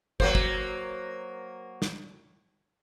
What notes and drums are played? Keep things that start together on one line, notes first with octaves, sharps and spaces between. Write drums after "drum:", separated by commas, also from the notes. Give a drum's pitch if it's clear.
F#3 A#3 C5, drum: kick
drum: kick
drum: snare